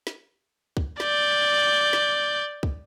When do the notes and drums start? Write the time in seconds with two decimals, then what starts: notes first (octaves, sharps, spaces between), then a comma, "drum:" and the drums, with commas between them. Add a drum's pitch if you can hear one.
0.07 drum: snare
0.77 drum: kick
1.00 D5 G6, drum: snare
1.93 drum: snare
2.63 drum: kick